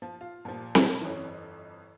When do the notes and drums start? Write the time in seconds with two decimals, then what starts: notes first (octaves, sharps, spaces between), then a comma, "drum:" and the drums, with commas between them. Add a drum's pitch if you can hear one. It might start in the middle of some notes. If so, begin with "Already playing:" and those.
0.02 F3
0.21 F4
0.45 A#2 F3 G3
0.75 B2, drum: snare C4
1.01 G1 F2 E3 C#4 C#5